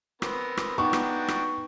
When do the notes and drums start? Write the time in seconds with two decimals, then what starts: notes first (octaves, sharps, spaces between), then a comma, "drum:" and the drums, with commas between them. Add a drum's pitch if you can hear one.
0.22 B3 C4 A#4, drum: rim click
0.57 drum: rim click
0.78 B3 D4 D#4 F#4 G5 C#6
0.93 drum: rim click
1.28 drum: rim click